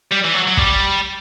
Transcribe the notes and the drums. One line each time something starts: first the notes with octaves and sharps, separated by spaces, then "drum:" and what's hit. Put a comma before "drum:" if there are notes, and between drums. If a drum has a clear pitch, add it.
G3
E3
F#3
F#3
G3, drum: kick